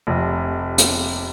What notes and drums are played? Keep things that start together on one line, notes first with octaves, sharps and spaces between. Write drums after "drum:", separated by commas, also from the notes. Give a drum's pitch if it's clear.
F1 F2 C3
drum: hi-hat